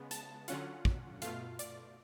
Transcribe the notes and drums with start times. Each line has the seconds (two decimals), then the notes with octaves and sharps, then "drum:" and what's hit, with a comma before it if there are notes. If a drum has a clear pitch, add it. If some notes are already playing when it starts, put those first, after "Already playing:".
Already playing: C#3 G#3 B3
0.11 A5, drum: hi-hat
0.48 D3 F#3 C#4 F4 F#5, drum: hi-hat
0.85 drum: kick
1.22 B2 A3 F4 F5, drum: hi-hat
1.59 D5, drum: hi-hat